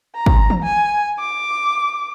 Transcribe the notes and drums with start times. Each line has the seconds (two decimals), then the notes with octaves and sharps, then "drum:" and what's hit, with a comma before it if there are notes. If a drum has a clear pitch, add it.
0.16 A#5
0.26 drum: kick
0.50 drum: tom
0.63 G#5
1.19 D6